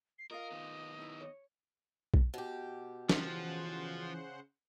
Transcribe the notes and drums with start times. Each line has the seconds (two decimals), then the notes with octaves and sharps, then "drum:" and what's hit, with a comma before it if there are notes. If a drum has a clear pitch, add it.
0.19 C7
0.31 F4 A#4 D#5 F5
0.52 D#3 B3
0.99 D#4 E4
1.21 C#5
2.14 drum: kick B1
2.34 B2 G4
3.09 C#3 E3 F3 C5 F#5, drum: snare